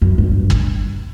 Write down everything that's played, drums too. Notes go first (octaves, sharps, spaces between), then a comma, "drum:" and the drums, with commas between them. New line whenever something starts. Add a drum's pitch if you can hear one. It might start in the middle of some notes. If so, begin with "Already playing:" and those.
F#2
G2
drum: kick